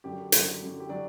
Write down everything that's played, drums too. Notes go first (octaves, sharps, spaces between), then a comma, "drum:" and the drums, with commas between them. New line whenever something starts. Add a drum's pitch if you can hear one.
F#2 D3 F#3 G4
F#2 D3 F#3, drum: hi-hat
F#2 D3 F#3
G4
D3 F#3 D5